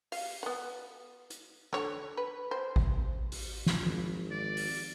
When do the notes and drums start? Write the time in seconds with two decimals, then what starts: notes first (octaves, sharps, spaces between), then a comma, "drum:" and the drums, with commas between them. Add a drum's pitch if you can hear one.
0.12 F5, drum: open hi-hat
0.43 B3 F#5
1.31 drum: hi-hat
1.73 D3 C#5, drum: rim click
2.17 B4
2.51 C5
2.76 drum: kick G#1
3.32 drum: open hi-hat
3.66 drum: snare
3.83 G#1 F3
4.31 D5
4.57 drum: open hi-hat